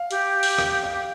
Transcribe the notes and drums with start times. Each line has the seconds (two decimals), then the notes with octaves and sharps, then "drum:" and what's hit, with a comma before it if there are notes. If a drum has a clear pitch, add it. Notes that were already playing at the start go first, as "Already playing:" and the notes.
Already playing: F5
0.11 G4, drum: hi-hat
0.43 drum: open hi-hat
0.58 F5, drum: rim click
0.83 F5